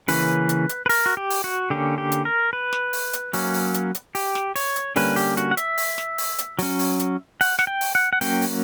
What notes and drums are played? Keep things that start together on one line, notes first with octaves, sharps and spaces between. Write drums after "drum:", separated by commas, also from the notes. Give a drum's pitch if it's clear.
C#3 E3 A#3 C#4 B4, drum: open hi-hat
drum: hi-hat
drum: hi-hat
B4
A#4, drum: open hi-hat
F#4
G4
drum: open hi-hat
F#4
D3 A#3 C#4 G4
G4
drum: hi-hat
A#4
B4
drum: snare
drum: open hi-hat
drum: hi-hat
F#3 A#3 C#4, drum: open hi-hat
drum: open hi-hat
drum: hi-hat
drum: hi-hat
G4, drum: open hi-hat
drum: snare
C#5, drum: open hi-hat
drum: hi-hat
D3 G3 A#3 C#4 B4, drum: open hi-hat
G4, drum: open hi-hat
F#4, drum: hi-hat
F#5
E5, drum: hi-hat
drum: open hi-hat
drum: snare
drum: open hi-hat
drum: hi-hat
F#3 C#4, drum: open hi-hat
drum: open hi-hat
drum: hi-hat
F#5, drum: open hi-hat
F#5, drum: snare
G5
drum: open hi-hat
F#5
F#5
F#3 A#3 C#4 G5, drum: open hi-hat
drum: open hi-hat